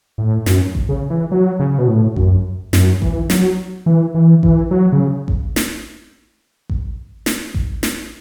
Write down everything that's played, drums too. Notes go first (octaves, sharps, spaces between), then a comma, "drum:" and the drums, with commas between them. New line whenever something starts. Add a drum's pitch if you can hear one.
A2
F#2, drum: snare
drum: kick A1
C#3
E3
F#3
C#3
B2
A2
F#2, drum: kick A1
F#2, drum: snare
E3, drum: kick A1
F#3, drum: snare
E3
E3
E3, drum: kick A1
F#3
C#3
drum: kick A1
drum: snare
drum: kick A1
drum: snare
drum: kick A1
drum: snare